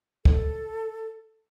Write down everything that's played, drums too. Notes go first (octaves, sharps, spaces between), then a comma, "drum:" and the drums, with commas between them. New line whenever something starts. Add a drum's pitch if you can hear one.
A4, drum: kick